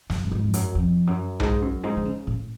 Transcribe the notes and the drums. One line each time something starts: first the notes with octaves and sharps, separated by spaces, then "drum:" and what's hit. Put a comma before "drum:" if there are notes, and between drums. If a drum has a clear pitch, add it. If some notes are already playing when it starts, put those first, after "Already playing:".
F#2, drum: snare
A2
G#2
F2
F#2, drum: hi-hat
F2
F#2
G#2, drum: tom B1
F#2
G#2
D3
C#3
A2